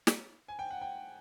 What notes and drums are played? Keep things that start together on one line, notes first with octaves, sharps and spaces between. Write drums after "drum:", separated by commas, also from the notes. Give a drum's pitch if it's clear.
drum: snare
G#5
G5
F#5
G5